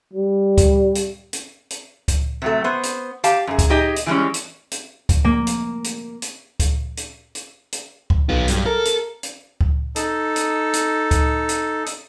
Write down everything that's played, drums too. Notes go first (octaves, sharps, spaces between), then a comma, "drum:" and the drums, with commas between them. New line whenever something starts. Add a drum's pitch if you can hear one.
G3
drum: kick C#2, hi-hat
drum: hi-hat
drum: hi-hat
drum: hi-hat
drum: kick C#2, hi-hat
C3 F#3 A3
B3 C5
drum: hi-hat
G4 F5 A5, drum: hi-hat
F#2 G#4
drum: kick C#2, hi-hat
D#4 G4 G#4 D#5
drum: hi-hat
E3 G3 G#3 C#4
drum: hi-hat
drum: hi-hat
drum: kick C#2, hi-hat
A#3
drum: hi-hat
drum: hi-hat
drum: hi-hat
drum: kick C#2, hi-hat
drum: hi-hat
drum: hi-hat
drum: hi-hat
drum: kick C#2
B1 B3 F4
G2, drum: hi-hat
A4 A#4
drum: hi-hat
drum: hi-hat
drum: kick C#2
D#4 A4, drum: hi-hat
drum: hi-hat
drum: hi-hat
drum: kick C#2, hi-hat
drum: hi-hat
drum: hi-hat